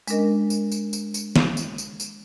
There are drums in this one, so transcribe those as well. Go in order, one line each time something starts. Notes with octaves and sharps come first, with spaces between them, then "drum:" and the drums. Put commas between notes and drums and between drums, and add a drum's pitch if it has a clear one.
G#3 C#4 D4 A#4 D#5, drum: tambourine
drum: tambourine
drum: tambourine
drum: tambourine
drum: tambourine
drum: snare
drum: tambourine
drum: tambourine
drum: tambourine